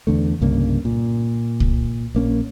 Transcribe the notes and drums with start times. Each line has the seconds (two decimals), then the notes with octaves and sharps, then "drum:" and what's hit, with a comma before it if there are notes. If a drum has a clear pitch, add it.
0.07 E2 D3 A3
0.41 C2 G2 C#3 A#3
0.85 A#2
1.60 drum: kick C2
2.15 A#1 A#3 C#4